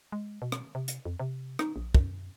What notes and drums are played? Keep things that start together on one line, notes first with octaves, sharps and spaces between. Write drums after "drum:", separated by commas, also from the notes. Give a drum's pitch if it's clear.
G#3
B2
drum: rim click
C3
drum: hi-hat
F2
C3
D#4, drum: rim click
A#1
F#2, drum: kick